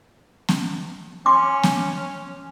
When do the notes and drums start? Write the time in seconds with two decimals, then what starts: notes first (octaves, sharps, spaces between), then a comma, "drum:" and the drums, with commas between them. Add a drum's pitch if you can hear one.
0.49 drum: snare B3
1.26 C#4 C6 D6
1.63 drum: snare B3